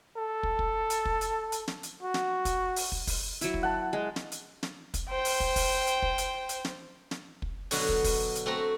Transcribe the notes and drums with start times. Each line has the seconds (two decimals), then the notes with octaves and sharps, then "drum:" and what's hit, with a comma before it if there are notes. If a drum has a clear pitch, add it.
0.17 A4
0.43 drum: kick
0.59 drum: kick
0.90 drum: hi-hat
1.05 drum: kick
1.21 drum: hi-hat
1.52 drum: hi-hat
1.68 drum: snare
1.83 drum: hi-hat
2.03 F#4
2.14 drum: snare
2.45 drum: kick, hi-hat
2.76 drum: open hi-hat
2.92 drum: kick
3.07 drum: kick, open hi-hat
3.41 F#3 E4, drum: hi-hat
3.54 drum: kick
3.63 F#5 A5
3.93 G#3
4.16 drum: snare
4.32 drum: hi-hat
4.63 drum: snare
4.94 drum: kick, hi-hat
5.09 C5 G5
5.25 drum: open hi-hat
5.40 drum: kick
5.56 drum: kick, open hi-hat
5.87 drum: hi-hat
6.02 drum: kick
6.18 drum: hi-hat
6.49 drum: hi-hat
6.65 drum: snare
7.11 drum: snare
7.42 drum: kick
7.71 B2 D3 F#3 B3 F#4, drum: open hi-hat
7.89 drum: kick
8.04 drum: kick, open hi-hat
8.35 drum: hi-hat
8.46 A3 C4 F#4 A#5